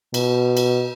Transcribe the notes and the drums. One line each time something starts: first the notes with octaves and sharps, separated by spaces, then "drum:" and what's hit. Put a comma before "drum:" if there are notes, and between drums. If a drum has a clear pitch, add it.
B2, drum: cymbal
drum: cymbal